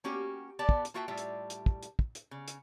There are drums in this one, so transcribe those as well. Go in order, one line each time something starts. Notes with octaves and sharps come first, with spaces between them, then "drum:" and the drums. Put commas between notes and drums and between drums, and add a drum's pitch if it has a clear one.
A#3 C#4 F#4 G4
B3 G4 D5 A5
drum: kick
drum: hi-hat
A#3 F4 F#4 E5 G5 A5
A2 G3 F4 E5
drum: hi-hat
drum: hi-hat
drum: kick
drum: hi-hat
drum: kick
drum: hi-hat
C#3
drum: hi-hat